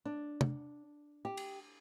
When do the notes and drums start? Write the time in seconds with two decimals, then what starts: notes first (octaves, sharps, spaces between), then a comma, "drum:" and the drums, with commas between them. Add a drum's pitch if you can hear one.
0.05 D4
0.41 drum: tom
1.25 G4
1.37 drum: cymbal